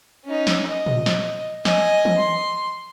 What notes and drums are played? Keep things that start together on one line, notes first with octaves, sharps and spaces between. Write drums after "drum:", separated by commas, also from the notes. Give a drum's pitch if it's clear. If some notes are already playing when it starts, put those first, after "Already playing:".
C#4 D#4
drum: snare
D#5
drum: tom A#2
drum: snare
D#5 G#5, drum: snare
drum: tom E3
C6